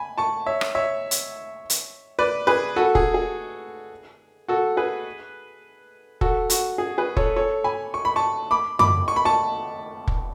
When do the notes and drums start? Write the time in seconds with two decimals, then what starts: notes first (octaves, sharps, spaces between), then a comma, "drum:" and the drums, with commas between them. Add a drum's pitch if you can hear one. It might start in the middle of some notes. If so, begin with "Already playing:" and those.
Already playing: G#5 B5
0.18 A5 C#6
0.46 C#5 E5
0.61 drum: rim click
0.75 C#5 E5
1.11 drum: hi-hat
1.70 drum: hi-hat
2.19 B4 D5
2.47 G#4 B4
2.76 F#4 A4
2.95 G#4, drum: kick
3.14 G#4
4.48 F#4 A4
4.77 G#4 B4
6.21 F#4 A4, drum: kick
6.50 F#4, drum: hi-hat
6.78 G#4
6.98 G#4 B4
7.17 A4 C#5, drum: kick
7.36 A4 C#5
7.64 G#5 B5
7.94 C#6
8.05 B5
8.16 A5 C#6
8.51 B5 D6
8.79 B5 D6, drum: tom F#2
9.08 C#6
9.16 B5
9.25 A5 C#6
10.07 drum: kick